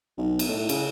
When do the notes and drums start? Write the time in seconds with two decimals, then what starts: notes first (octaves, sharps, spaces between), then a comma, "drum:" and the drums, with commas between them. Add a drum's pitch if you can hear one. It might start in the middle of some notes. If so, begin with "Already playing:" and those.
0.17 B1
0.39 drum: cymbal
0.49 A2
0.69 C#3, drum: cymbal